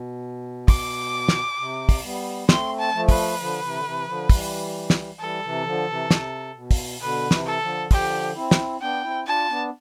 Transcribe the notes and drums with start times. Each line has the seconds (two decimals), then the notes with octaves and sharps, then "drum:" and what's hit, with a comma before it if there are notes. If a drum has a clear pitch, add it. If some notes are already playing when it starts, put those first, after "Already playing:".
Already playing: B2
0.68 D6, drum: kick, open hi-hat
1.28 drum: snare
1.59 C3
1.89 drum: kick, open hi-hat
2.04 G3 B3
2.49 A3 C4 C6, drum: snare
2.79 A5
2.94 F3 A3
3.09 B4, drum: kick, open hi-hat
3.39 D3 F3
3.62 C3 E3
3.74 D3
3.84 C3 E3
4.07 D3 F3
4.29 E3 G3, drum: kick, open hi-hat
4.90 drum: snare
5.20 E3 G3 A4
5.43 C3 E3
5.65 D3 F3
5.88 C3 E3
6.10 C3, drum: snare
6.55 B2
6.71 drum: kick, open hi-hat
7.01 B2 D3 B4
7.31 C3 E3, drum: snare
7.46 A4
7.61 D3 F3
7.91 D3 F3 G4, drum: kick, open hi-hat
8.36 C4 E4
8.51 drum: snare
8.82 B3 D4 G5
9.04 C4 E4
9.27 D4 F4 A5
9.49 B3 D4